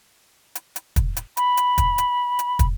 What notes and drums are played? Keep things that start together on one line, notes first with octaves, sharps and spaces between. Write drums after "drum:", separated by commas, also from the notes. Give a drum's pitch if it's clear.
drum: hi-hat
drum: hi-hat
drum: kick, hi-hat
drum: hi-hat
B5, drum: hi-hat
drum: hi-hat
drum: kick, hi-hat
drum: hi-hat
drum: hi-hat
drum: kick, hi-hat